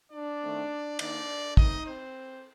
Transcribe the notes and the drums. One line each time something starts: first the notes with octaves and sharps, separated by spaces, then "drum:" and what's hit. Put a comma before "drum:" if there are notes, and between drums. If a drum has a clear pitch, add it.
D4 D5
D#3 A3 C4
D#3 A#3 D4 D#4 D5, drum: cymbal
D#3 A3 C4 D#4 D#5, drum: kick
C4 C5